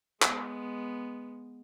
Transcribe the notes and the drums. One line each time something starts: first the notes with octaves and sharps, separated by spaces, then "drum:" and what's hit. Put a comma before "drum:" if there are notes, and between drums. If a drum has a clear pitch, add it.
G#3 B3, drum: clap